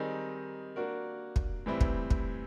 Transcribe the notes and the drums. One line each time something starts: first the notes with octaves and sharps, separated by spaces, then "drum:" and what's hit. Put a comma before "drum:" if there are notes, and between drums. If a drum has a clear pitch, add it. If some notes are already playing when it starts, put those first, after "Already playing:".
Already playing: D#3 G3 C4 D#4 G#4
A#3 D4 F#4 A#4
drum: kick
A2 E3 G3 C4 E4
drum: kick
drum: kick